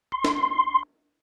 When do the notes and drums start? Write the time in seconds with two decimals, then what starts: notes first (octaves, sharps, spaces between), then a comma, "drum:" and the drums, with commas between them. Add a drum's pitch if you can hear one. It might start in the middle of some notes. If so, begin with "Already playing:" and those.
0.12 C6
0.25 drum: snare